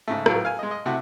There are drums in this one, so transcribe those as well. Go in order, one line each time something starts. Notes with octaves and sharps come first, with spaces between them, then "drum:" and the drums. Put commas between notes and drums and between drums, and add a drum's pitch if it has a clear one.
G#2 C#3 A3
A2 F#3 B3 F4, drum: rim click
F5 G#5
G#3 D#5
D#5
C3 A3 E4 F#4